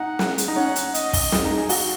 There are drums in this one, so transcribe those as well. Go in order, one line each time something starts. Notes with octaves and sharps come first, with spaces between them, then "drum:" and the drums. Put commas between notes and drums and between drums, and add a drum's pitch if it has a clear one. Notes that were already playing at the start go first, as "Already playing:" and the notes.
Already playing: D#4 F#5
drum: snare
drum: hi-hat
D#4
C#4 F#5
drum: hi-hat
D#5, drum: hi-hat
drum: kick, open hi-hat
drum: snare
D#4
G#4
F#4, drum: open hi-hat